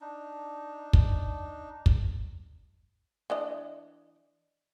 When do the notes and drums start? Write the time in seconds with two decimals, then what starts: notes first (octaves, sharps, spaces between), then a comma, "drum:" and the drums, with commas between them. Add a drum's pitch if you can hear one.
0.01 D4 D#4
0.93 drum: kick
1.86 drum: kick
3.30 E3 D4 D#5